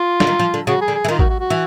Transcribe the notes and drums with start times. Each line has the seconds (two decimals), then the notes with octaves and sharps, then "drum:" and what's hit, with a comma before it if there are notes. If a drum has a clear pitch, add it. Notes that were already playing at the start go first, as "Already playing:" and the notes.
Already playing: F4
0.20 D3, drum: snare
0.27 D#3
0.39 F3
0.54 D3
0.67 C#3 F#4
0.81 G#4
0.88 D3
0.95 G#4
1.05 E3
1.08 D#3 F4
1.19 F#4, drum: kick A1
1.29 F#4
1.40 F#4
1.50 E3